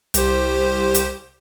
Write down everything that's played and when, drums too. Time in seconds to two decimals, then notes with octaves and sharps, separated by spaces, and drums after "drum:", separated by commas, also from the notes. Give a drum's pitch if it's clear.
0.14 C2 G4 C5, drum: hi-hat
0.95 drum: hi-hat